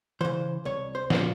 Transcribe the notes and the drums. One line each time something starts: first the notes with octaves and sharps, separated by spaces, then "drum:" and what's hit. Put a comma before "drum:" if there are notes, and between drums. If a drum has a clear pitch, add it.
C#3 E3 C5
C2 C#5
C5
A#2 F3, drum: snare